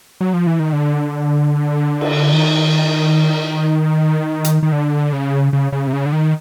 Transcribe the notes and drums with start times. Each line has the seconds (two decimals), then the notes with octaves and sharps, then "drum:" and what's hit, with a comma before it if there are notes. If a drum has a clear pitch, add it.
0.21 F#3
0.33 F3
0.47 E3
0.60 D#3
0.73 D3
2.01 drum: cymbal
2.33 D#3
4.44 drum: hi-hat
4.63 D#3
4.72 D3
5.13 C#3
5.53 C#3
5.72 C#3
5.87 C3
5.93 C#3
6.06 D3
6.13 D#3